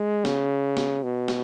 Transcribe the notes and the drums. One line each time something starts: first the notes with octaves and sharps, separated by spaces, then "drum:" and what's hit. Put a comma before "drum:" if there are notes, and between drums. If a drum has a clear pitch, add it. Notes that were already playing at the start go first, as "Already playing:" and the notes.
Already playing: G#3
C#3, drum: snare
drum: snare
B2
drum: snare